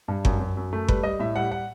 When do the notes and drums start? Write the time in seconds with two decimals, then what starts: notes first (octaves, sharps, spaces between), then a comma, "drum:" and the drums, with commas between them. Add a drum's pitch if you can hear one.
0.08 G2
0.25 F#2, drum: kick G1
0.40 F#2
0.57 F#2
0.73 A3
0.88 G3 B4, drum: kick G1
1.03 G3 D#5
1.20 A2 E5
1.36 G3 F#5
1.51 F#5